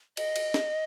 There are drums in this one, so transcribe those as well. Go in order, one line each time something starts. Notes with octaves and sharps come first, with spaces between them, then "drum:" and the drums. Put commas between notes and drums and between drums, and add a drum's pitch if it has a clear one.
D#5, drum: cymbal
drum: cymbal
drum: snare